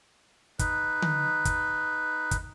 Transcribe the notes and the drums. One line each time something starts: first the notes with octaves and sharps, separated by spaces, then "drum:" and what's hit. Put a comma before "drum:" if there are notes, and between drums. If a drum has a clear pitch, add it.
D#4 B4, drum: kick, hi-hat
drum: tom D3
drum: kick, hi-hat
drum: kick, hi-hat